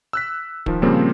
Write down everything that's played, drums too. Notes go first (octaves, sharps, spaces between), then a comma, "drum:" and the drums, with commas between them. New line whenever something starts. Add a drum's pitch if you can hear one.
E6 F#6 B6
D#3 F3, drum: kick
A#2 C#3 F3 G3 A#3 C4